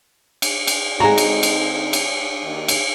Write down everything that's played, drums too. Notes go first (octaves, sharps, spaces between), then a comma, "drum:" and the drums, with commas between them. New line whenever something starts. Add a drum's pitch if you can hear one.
drum: cymbal
drum: cymbal
D3 G#3 C4 D#4 F#4 A#5
drum: cymbal
drum: cymbal
drum: cymbal
D#2
drum: cymbal